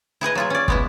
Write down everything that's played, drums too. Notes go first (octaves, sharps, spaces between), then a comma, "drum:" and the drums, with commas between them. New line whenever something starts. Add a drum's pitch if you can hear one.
E4 G#4 B4 D#5
F#3 F4 G#4
C#4 D5
G#3 B3 E4, drum: kick